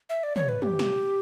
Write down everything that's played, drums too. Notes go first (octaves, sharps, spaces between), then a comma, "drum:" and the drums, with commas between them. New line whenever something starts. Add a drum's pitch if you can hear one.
E5
D5
C#5, drum: tom
B4
G4, drum: tom
drum: snare